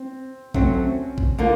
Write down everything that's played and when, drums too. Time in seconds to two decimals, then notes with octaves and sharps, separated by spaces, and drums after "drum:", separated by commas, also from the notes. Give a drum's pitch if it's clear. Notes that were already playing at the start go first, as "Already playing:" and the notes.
Already playing: C4
0.54 F#3 A3 C4 C#4, drum: kick A#1
1.18 drum: kick A#1
1.38 D3 F3 A#3